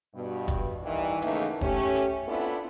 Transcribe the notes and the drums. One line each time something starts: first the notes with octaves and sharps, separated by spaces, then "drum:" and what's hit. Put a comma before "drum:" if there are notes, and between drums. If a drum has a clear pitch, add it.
G2 B2
drum: kick, hi-hat
G2 D#3 E3
E2 C#3 E3 A3 A#3 D#4, drum: hi-hat
A3 C#4 G4, drum: kick
drum: hi-hat
B3 C4 D4 E4 F4 A4